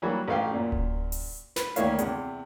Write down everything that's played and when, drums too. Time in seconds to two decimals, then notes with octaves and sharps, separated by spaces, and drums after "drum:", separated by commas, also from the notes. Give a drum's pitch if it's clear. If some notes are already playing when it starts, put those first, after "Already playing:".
0.02 E3 F#3 G3 A#3 F#4
0.28 A1 A3 F5 G5
0.51 F#2 A#2
0.72 drum: kick D1
1.12 drum: open hi-hat
1.56 B4, drum: snare
1.76 D2 D#3 A#3 E4 C#5 F5, drum: hi-hat
1.99 E2 C3, drum: hi-hat